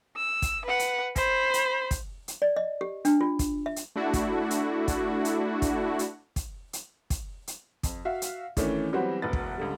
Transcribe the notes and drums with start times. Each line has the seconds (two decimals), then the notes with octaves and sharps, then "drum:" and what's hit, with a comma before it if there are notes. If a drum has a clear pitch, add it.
0.16 E6
0.42 drum: kick, hi-hat
0.65 B4 F#5
0.79 drum: hi-hat
1.16 C5 B5, drum: kick, hi-hat
1.54 drum: hi-hat
1.91 drum: kick, hi-hat
2.28 drum: hi-hat
2.42 D5
2.56 D#5
2.81 G4
3.05 D4, drum: hi-hat
3.21 F4
3.39 drum: kick, hi-hat
3.66 E5
3.76 drum: hi-hat
3.96 A3 D4 E4 F#4
4.13 drum: kick, hi-hat
4.51 drum: hi-hat
4.88 drum: kick, hi-hat
5.25 drum: hi-hat
5.62 drum: kick, hi-hat
5.99 drum: hi-hat
6.36 drum: kick, hi-hat
6.73 drum: hi-hat
7.10 drum: kick, hi-hat
7.47 drum: hi-hat
7.83 F2, drum: kick, hi-hat
8.05 F#4 E5 F5
8.22 drum: hi-hat
8.57 D#3 E3 A3 C#4 D4, drum: kick, hi-hat
8.93 E3 F#3 G3 B3 C4 F#4
9.22 E1 D2 F#4 B4 A6
9.33 drum: kick
9.58 C#2 D3 G3